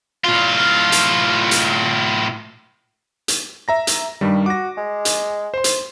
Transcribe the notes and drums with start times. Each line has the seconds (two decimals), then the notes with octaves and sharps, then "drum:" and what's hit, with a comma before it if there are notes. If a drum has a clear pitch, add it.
0.24 A2 F4
0.92 drum: hi-hat
1.51 drum: hi-hat
3.28 drum: hi-hat
3.68 E5 A#5 A#6
3.87 drum: hi-hat
4.21 G2 D#3 G3
4.46 F#4 D6 A#6
4.77 G#3
5.05 drum: hi-hat
5.54 C5 C6
5.64 drum: hi-hat